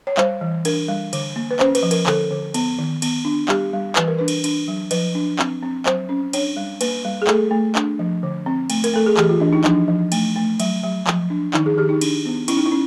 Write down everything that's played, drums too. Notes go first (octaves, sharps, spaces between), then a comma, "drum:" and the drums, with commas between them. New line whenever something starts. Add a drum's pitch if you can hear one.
C#5
G3 C5, drum: clap
E3
D4 A#4, drum: cymbal
G3
D3, drum: cymbal
A#3
B4
C#4 C5, drum: clap
B4, drum: cymbal
F3
A#4, drum: cymbal
D3 A4, drum: clap
D3
B3, drum: cymbal
D#3
B3, drum: cymbal
D4
G3 G4, drum: clap
G3
E3 B4, drum: clap
A#4
D4 B4
drum: cymbal
D4, drum: cymbal
F#3
F3 B4, drum: cymbal
D4
C4, drum: clap
C4
F#3 C5, drum: clap
C#4
D4 C#5, drum: cymbal
G3
A#3 B4, drum: cymbal
G3
G#4
A3 A4, drum: clap
A3
D4, drum: clap
F3
D3
C4
A3, drum: cymbal
A#4, drum: cymbal
A3 A4
G#4
E3 G4, drum: clap
F4
E3 D4
D#4
F3 D4, drum: clap
F3
A3, drum: cymbal
A3
F#3, drum: cymbal
F#3
F3, drum: clap
D4
D#3 D#4, drum: clap
G#4
D#3 G4
D#4
D4, drum: cymbal
B3
C#4 E4, drum: cymbal
D#4
E4
C#4